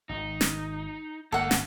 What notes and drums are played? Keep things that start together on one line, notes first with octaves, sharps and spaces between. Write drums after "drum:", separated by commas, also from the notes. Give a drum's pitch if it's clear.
G#1 D#3 D#4
drum: snare
G1 A3 A#3 A4 F#5
drum: snare